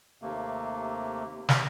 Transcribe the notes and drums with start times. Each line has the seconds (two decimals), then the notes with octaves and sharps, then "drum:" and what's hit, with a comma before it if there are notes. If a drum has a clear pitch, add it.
0.22 D#2 C3 A3 A#3
1.49 drum: snare